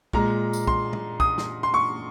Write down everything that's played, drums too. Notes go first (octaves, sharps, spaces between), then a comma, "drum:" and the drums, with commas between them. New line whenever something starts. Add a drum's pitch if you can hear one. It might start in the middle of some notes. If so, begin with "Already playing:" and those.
A#2 G#3 A#5, drum: kick
drum: tambourine
C6, drum: kick
drum: tom A#2
D#6, drum: kick
drum: snare
C6
C#6